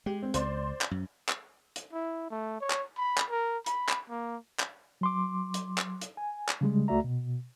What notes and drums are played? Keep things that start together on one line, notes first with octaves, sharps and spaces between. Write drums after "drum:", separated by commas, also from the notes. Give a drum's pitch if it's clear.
G#3 G4
C4
C#2 C5 D5 C6, drum: hi-hat
drum: clap
F#2
drum: clap
drum: hi-hat
E4
A3
C#5
drum: clap
B5
drum: clap
A#4
B5, drum: hi-hat
drum: clap
A#3
drum: clap
F#3 C6 D6
drum: hi-hat
drum: clap
drum: hi-hat
G#5
drum: clap
C#3 G3 G#3
C#2 A3 F#4 D5 E5 A#5
B2